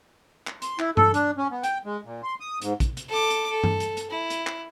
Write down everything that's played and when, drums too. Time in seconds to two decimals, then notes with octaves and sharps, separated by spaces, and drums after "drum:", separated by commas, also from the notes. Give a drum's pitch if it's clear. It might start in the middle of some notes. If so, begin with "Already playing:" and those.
0.47 drum: clap
0.62 C6, drum: hi-hat
0.79 E4, drum: clap
0.97 A4, drum: tom G2
1.14 D4, drum: hi-hat
1.38 C#4
1.51 B3
1.63 G5, drum: hi-hat
1.85 G#3
2.05 A#2
2.23 C6
2.40 D#6
2.62 G#2, drum: hi-hat
2.80 drum: kick, hi-hat
2.97 drum: hi-hat
3.09 A4 D6
3.30 drum: hi-hat
3.51 A4
3.64 drum: tom G2
3.80 drum: hi-hat
3.97 drum: hi-hat
4.10 E4
4.30 drum: hi-hat
4.47 drum: clap